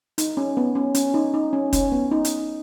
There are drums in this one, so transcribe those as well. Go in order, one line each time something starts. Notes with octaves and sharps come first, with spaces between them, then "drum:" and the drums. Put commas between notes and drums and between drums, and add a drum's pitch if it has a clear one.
D#4, drum: hi-hat
C#4
B3
C#4
C#4, drum: hi-hat
D#4
D#4
C#4
C#4, drum: kick, hi-hat
B3
D#4
drum: hi-hat